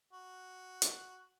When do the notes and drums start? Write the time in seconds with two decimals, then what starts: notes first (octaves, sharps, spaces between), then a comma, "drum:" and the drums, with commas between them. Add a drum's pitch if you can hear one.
0.13 F#4
0.82 drum: hi-hat